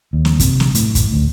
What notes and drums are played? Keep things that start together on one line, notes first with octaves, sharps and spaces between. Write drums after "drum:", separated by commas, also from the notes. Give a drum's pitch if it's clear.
D#2
drum: snare
C3, drum: kick, hi-hat
drum: snare
A2, drum: hi-hat
drum: kick, hi-hat
D2